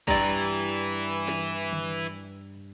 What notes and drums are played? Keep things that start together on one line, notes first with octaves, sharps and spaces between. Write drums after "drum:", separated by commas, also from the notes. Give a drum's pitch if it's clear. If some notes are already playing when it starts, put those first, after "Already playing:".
G2 E3 D5 A#5, drum: kick
drum: snare
drum: tom D3